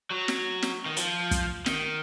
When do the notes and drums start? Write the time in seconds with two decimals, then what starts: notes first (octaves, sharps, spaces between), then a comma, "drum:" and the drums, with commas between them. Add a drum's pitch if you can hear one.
0.11 F#3
0.28 drum: snare
0.62 drum: snare
0.86 D#3
0.97 F3, drum: hi-hat
1.31 drum: kick, hi-hat
1.66 D#3, drum: snare